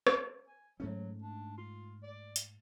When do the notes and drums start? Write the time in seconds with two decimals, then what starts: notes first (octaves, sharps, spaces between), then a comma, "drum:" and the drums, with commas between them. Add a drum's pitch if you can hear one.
0.07 drum: rim click
0.47 G#5
0.80 G#2 F#3 A3 C#4
1.22 D4
1.57 F4
2.03 D5
2.36 drum: hi-hat